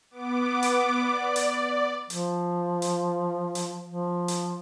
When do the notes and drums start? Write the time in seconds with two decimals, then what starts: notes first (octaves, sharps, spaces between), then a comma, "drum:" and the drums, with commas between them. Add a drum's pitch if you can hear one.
0.11 B3 D6
0.63 drum: hi-hat
0.99 D5
1.36 drum: hi-hat
2.10 F3, drum: hi-hat
2.82 drum: hi-hat
3.55 drum: hi-hat
3.85 F3
4.28 drum: hi-hat